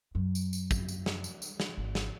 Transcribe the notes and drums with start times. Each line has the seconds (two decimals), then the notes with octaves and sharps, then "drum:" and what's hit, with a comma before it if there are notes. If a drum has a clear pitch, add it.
0.15 F#2
0.35 drum: tambourine
0.53 drum: tambourine
0.71 drum: kick, tambourine
0.88 drum: tambourine
1.06 drum: snare
1.24 drum: tambourine
1.42 drum: tambourine
1.60 drum: snare
1.77 G#1
1.95 drum: snare